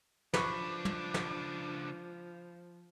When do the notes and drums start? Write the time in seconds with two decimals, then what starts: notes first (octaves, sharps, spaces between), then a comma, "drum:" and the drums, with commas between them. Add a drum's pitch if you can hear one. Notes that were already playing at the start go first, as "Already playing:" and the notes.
0.34 C#2 F3 D4 B4 C#6, drum: snare
0.85 drum: tom
1.14 drum: snare